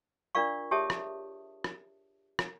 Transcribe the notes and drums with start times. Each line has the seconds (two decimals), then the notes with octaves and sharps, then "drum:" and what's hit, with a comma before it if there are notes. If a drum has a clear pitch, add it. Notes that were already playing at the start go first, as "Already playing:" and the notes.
0.35 D4 F4 A#4 D5 F5 C#6
0.71 G4 G#4 C#5 E5 A5 D#6
0.90 drum: rim click
1.64 drum: rim click
2.39 drum: rim click